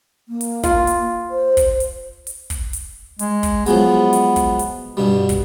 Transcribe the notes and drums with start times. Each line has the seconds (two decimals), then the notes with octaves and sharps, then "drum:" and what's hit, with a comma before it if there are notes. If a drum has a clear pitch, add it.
0.28 A#3
0.41 drum: hi-hat
0.63 F4, drum: kick, hi-hat
0.87 drum: hi-hat
1.30 C5
1.57 drum: kick, hi-hat
1.80 drum: hi-hat
2.27 drum: hi-hat
2.50 drum: kick, hi-hat
2.73 drum: hi-hat
3.19 G#3, drum: hi-hat
3.43 drum: kick, hi-hat
3.66 F3 F#3 G#3 B3, drum: hi-hat
4.13 drum: hi-hat
4.36 drum: kick, hi-hat
4.59 drum: hi-hat
4.97 G2 B2 G3
5.29 drum: kick, hi-hat